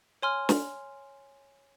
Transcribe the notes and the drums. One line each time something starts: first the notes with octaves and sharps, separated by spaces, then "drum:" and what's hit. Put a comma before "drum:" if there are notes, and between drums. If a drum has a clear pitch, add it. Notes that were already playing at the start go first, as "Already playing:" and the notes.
C#5 G#5 C6 F6
drum: snare